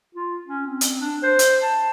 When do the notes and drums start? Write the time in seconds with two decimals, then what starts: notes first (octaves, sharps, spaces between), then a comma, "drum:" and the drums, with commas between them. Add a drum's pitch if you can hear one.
0.15 F4
0.46 C#4
0.66 C4
0.81 drum: hi-hat
1.00 D4
1.23 C5
1.39 drum: hi-hat
1.62 A5